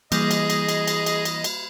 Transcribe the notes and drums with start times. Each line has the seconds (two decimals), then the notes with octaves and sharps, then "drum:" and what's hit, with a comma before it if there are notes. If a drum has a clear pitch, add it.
0.12 E3 G3 A#3 G#4 D#5, drum: cymbal
0.31 drum: cymbal
0.50 drum: cymbal
0.69 drum: cymbal
0.88 drum: cymbal
1.06 drum: cymbal
1.25 drum: cymbal
1.44 drum: cymbal